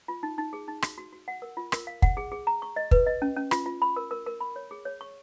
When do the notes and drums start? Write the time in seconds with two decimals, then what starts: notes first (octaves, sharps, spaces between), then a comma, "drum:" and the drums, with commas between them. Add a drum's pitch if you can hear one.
0.08 F4
0.23 D#4
0.38 D#4
0.53 G#4
0.68 D#4
0.82 F#4, drum: rim click
0.98 F#4
1.12 F#4
1.28 F#5
1.42 A#4
1.57 F4
1.72 A#4, drum: rim click
1.87 F5
2.02 F#5, drum: kick
2.17 G#4
2.32 G#4
2.47 A#5
2.62 C#6
2.76 D#5
2.91 B4, drum: kick
3.06 D#5
3.22 C#4
3.36 C#4
3.51 F4, drum: rim click
3.66 F4
3.82 B5
3.96 A#4
4.11 A#4
4.26 A#4
4.41 B5
4.56 C#5
4.71 G#4
4.85 C#5
5.01 C#6